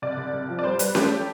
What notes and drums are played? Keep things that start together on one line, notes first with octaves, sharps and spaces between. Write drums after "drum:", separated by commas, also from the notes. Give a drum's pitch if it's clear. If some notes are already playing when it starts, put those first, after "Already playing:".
C2 D5
C2
C2
F3
D5
G3 C5
G3 B4, drum: hi-hat
A3 G4, drum: snare C#4